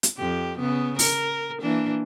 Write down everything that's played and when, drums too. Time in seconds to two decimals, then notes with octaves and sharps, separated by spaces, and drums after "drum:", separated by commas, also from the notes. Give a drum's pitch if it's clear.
0.03 drum: hi-hat
0.17 F2 G4
0.58 C#3 B3
0.99 A#4, drum: open hi-hat
1.61 E3 A#3 D4